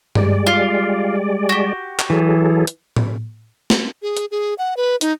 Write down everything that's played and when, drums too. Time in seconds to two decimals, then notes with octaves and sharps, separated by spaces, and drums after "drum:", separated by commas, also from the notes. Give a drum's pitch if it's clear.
0.15 G3 G#3 D5, drum: tom G2
0.47 F4
1.49 F#4 G4
1.99 drum: clap
2.10 E3 F#3 G#4 A4
2.67 drum: hi-hat
2.96 drum: tom A2
3.70 drum: snare
4.02 G#4
4.17 drum: hi-hat
4.31 G#4
4.58 F#5
4.77 B4
5.01 D#4, drum: hi-hat